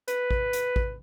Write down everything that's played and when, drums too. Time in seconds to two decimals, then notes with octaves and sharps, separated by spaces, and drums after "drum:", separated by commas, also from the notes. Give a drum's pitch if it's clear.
0.08 B4, drum: hi-hat
0.31 drum: kick A1
0.53 drum: hi-hat
0.76 drum: kick A1